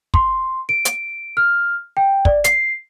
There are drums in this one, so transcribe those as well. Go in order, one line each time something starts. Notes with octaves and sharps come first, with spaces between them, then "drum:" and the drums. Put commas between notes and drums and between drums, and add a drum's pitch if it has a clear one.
C6, drum: kick
D7
drum: hi-hat
F6
G5
D5, drum: kick
C7, drum: hi-hat